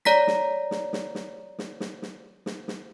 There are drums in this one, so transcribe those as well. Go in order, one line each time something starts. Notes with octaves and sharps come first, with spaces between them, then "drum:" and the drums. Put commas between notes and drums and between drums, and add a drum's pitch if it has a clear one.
C#5 D5 A#5 A#6 B6, drum: snare
drum: snare
drum: snare
drum: snare
drum: snare
drum: snare
drum: snare
drum: snare
drum: snare
drum: snare